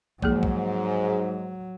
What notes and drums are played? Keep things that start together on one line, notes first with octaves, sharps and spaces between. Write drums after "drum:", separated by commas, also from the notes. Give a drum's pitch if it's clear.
G#2 F3 F#3 A#3 G#4, drum: kick
drum: kick